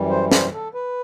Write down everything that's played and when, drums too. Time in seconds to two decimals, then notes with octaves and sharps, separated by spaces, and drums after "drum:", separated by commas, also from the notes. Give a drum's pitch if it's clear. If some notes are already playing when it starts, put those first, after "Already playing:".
Already playing: F#2 E3 G3
0.10 C5
0.32 C5, drum: snare
0.53 A4
0.74 B4